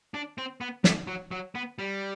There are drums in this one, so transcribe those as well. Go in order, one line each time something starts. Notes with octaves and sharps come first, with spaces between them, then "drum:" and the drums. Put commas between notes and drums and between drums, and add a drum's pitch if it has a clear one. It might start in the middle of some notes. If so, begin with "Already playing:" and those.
D4
C4
B3
A3, drum: snare
F#3
F#3
B3
G3